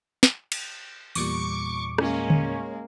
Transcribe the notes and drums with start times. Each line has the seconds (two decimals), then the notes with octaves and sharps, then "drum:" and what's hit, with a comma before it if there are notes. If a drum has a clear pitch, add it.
0.23 drum: snare
0.52 drum: cymbal
1.15 E2 A#2 G3 C#6 D6, drum: open hi-hat
1.98 G#3 A#3 C#4, drum: rim click
2.30 drum: tom D3